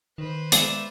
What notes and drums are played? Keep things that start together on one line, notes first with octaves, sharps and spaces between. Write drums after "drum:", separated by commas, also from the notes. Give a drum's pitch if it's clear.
D#3 B4 C5
G#3 B3 D5 E5, drum: hi-hat